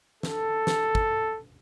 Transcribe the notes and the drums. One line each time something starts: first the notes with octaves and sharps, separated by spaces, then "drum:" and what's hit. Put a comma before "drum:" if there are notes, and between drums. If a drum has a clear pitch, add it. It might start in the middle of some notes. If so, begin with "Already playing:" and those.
A4, drum: snare
drum: snare
drum: kick